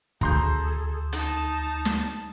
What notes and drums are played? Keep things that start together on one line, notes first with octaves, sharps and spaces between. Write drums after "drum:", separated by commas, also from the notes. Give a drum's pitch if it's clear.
D2 G#4 A4 A#5 C6 G6, drum: kick
D#4 A5, drum: hi-hat
drum: snare